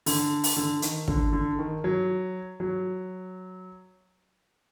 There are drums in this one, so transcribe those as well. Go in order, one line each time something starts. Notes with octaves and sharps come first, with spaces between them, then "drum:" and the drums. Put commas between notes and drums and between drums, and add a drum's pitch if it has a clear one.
D3, drum: open hi-hat
drum: open hi-hat
D3
D#3, drum: hi-hat
D3, drum: kick
D3
D#3
F#3
F#3